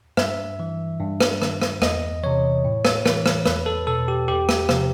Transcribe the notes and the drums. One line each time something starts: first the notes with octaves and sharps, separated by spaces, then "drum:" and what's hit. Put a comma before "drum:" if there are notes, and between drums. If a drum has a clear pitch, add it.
G2 E5, drum: rim click
E3
G2
drum: rim click
D#3, drum: rim click
drum: rim click
E2 D#5, drum: rim click
C3 E3 C#5
A2
drum: rim click
E3, drum: rim click
drum: rim click
E2 B4, drum: rim click
A4
B2 A4
G4
E2 G4
drum: rim click
C3 F3, drum: rim click